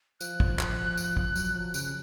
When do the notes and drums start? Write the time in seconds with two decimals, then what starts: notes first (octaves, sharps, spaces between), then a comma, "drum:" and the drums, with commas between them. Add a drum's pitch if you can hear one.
0.21 F3 F#6, drum: tambourine
0.40 drum: kick
0.59 drum: clap
0.98 drum: tambourine
1.17 drum: kick
1.36 F#3, drum: tambourine
1.55 F3
1.74 C#3, drum: tambourine